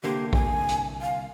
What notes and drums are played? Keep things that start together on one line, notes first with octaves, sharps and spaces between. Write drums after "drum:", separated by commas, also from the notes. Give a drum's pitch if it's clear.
C2 D3 A#3 G4
G#5, drum: kick
drum: hi-hat
F5